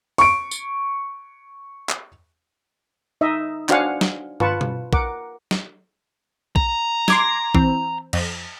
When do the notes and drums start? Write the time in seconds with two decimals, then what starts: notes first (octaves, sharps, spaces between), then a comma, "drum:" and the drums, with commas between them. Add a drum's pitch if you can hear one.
0.18 C#6 D7, drum: open hi-hat
0.51 drum: tambourine
1.89 drum: clap
3.21 D#4 D#5 E5
3.69 D4 F#4 C5 F5 F#5 G#5, drum: clap
4.01 drum: snare
4.40 F4 B4 A5 C#6, drum: tom
4.61 drum: tom B2
4.93 A#4 F#5 D6, drum: kick A#1
5.51 drum: snare
6.56 A#5, drum: kick A#1
7.08 C6 D6 G#6, drum: snare
7.55 E3 C4, drum: kick A#1
8.13 F2, drum: cymbal